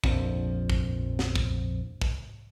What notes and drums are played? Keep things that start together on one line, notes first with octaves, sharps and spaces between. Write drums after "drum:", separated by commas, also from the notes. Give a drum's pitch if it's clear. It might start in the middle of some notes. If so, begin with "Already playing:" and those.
A#1 F2 F3, drum: kick
drum: kick
drum: snare
drum: kick
drum: kick